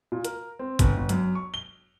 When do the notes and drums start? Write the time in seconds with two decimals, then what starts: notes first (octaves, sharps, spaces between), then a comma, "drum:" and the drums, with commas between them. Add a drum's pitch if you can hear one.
0.12 A#2
0.25 A#4, drum: hi-hat
0.59 C4
0.79 G1, drum: kick, hi-hat
0.97 G1
1.09 F#2, drum: hi-hat
1.35 C#6
1.54 G7